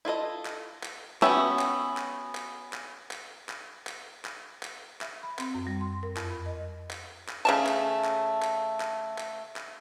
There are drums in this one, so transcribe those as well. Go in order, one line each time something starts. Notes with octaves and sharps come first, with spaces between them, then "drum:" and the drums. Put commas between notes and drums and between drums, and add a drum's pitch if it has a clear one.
E4 F4 A4 D#5
drum: clap
drum: clap
B3 C#4 F#4 E5 G5, drum: clap
drum: clap
drum: clap
drum: clap
drum: clap
drum: clap
drum: clap
drum: clap
drum: clap
drum: clap
E5, drum: clap
B5
C4, drum: clap
F#2
G3
C6
A#4
F2, drum: clap
B5
D#5
drum: clap
drum: clap
C#3 A3 A5
drum: clap
drum: clap
drum: clap
drum: clap
drum: clap
drum: clap